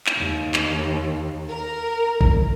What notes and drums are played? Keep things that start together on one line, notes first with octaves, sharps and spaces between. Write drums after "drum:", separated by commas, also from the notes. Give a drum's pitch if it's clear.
drum: clap
D#2
drum: clap
A#4
drum: kick A1